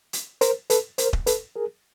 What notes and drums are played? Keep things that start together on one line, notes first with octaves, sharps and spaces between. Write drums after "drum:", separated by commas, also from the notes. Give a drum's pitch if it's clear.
drum: hi-hat
A#4 C5, drum: hi-hat
A4 B4, drum: hi-hat
A#4 C5, drum: hi-hat
drum: kick D#1
A4 B4, drum: hi-hat
G#4 A#4